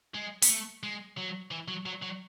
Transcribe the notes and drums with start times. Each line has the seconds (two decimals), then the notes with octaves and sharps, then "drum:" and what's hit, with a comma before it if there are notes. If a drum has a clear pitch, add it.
0.14 G#3
0.42 B3, drum: open hi-hat
0.48 A3
0.83 G#3
1.18 F#3
1.51 E3
1.68 F#3
1.86 F#3
2.02 F#3